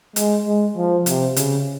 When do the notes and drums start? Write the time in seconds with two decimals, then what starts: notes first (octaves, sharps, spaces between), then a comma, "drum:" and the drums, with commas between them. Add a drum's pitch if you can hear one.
0.16 G#3, drum: hi-hat
0.46 G#3
0.76 F3
1.06 C3, drum: hi-hat
1.36 C#3, drum: hi-hat